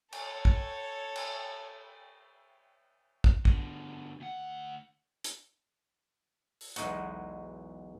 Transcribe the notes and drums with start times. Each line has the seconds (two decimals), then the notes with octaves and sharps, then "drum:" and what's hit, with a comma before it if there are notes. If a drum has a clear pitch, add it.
0.13 A4 C#5, drum: cymbal
0.45 drum: kick
1.16 drum: cymbal
3.24 drum: kick
3.45 B2 D3, drum: kick
4.20 D2 F#5
5.24 drum: hi-hat
6.61 drum: open hi-hat
6.76 B1 E2 G#3 D#4 F#4 F#5, drum: hi-hat